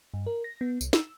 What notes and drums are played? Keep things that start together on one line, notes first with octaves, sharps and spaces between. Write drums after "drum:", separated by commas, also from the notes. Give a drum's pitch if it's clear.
G2
A#4
A#6
B3
C2, drum: tambourine
E6, drum: snare